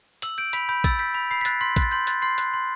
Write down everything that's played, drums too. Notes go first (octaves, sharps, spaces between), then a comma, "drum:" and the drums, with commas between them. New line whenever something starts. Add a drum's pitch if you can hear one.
E6 F#7, drum: hi-hat
G6 D7
B5 B6, drum: hi-hat
B5 G6
E6 A6, drum: kick A#1, hi-hat
G6 B6
B5 B6
B5 C7
B6
F#6 A6, drum: hi-hat
C6 B6
F#6, drum: kick A#1, hi-hat
A6
C6 G6
F#6 A6, drum: hi-hat
C6 C7
F#6, drum: hi-hat
C6